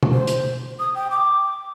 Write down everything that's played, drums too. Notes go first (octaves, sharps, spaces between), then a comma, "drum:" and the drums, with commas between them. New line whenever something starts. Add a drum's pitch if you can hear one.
drum: tom B2
C5
drum: hi-hat
D#6
G5
D6